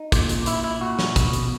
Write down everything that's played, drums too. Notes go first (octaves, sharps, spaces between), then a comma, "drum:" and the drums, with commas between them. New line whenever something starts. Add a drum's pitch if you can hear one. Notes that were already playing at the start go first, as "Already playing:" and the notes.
Already playing: D#4
A#2, drum: kick, hi-hat
drum: hi-hat
A#2 E4, drum: hi-hat
E4
A#2 F#4
drum: snare
B2, drum: kick, hi-hat
drum: hi-hat